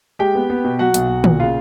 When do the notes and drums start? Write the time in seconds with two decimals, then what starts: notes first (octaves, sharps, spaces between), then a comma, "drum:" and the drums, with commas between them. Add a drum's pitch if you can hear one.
0.19 G#3 G4 G5
0.35 B3
0.50 B3
0.64 B2
0.79 F#3 F#4 F#5
0.94 B1, drum: hi-hat
1.09 B1
1.24 A#2, drum: tom
1.40 C#3 F4 F5